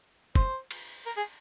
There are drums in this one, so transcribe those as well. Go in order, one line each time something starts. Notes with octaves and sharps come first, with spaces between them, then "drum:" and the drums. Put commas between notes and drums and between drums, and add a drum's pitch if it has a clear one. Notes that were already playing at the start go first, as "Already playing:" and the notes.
C5, drum: kick
drum: cymbal
A#4
G#4